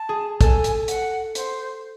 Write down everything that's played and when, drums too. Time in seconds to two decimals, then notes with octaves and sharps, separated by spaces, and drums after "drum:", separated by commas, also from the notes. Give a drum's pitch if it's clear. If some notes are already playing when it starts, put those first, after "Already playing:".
Already playing: A5
0.09 G#4
0.41 A4 G#5, drum: kick, hi-hat
0.64 drum: hi-hat
0.88 F#5, drum: hi-hat
1.35 C5, drum: hi-hat